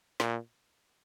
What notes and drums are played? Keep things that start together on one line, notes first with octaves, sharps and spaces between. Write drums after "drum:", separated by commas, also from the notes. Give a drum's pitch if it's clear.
A#2, drum: snare